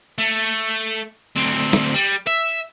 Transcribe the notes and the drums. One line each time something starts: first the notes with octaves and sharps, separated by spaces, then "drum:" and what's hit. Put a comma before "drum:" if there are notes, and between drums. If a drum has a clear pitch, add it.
A3
drum: tambourine
drum: tambourine
D2 C4, drum: tambourine
drum: snare
G3
drum: tambourine
E5
drum: tambourine